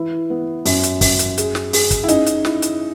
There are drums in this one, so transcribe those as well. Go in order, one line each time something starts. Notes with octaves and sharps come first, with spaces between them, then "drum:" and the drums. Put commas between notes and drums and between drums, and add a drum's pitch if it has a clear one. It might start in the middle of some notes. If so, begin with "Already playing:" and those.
Already playing: E3 E4
B3
F#2, drum: open hi-hat
drum: hi-hat
F#2, drum: kick, open hi-hat
drum: hi-hat
G#4, drum: hi-hat
drum: snare
G#4, drum: open hi-hat
drum: kick, hi-hat
E4
C#4 D#4, drum: hi-hat
drum: hi-hat
E4, drum: snare
drum: hi-hat